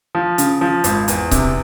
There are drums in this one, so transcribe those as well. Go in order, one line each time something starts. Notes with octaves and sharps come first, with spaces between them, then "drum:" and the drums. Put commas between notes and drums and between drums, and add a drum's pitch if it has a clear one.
F3
C#3, drum: hi-hat
F3
G#1, drum: hi-hat
E2, drum: hi-hat
C3, drum: kick C#1, hi-hat